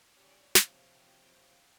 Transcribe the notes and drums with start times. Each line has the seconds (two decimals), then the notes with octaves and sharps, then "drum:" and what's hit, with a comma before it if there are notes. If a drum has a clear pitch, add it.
0.16 C#4 G4 C#5 D5
0.55 C3 F3 C#5 F5 G5, drum: snare